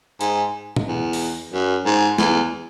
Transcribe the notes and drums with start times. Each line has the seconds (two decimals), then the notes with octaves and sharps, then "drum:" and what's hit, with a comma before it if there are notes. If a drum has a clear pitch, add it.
0.21 G#2, drum: hi-hat
0.76 drum: tom
0.88 E2
1.13 drum: open hi-hat
1.53 F#2
1.86 G#2
2.18 E2, drum: snare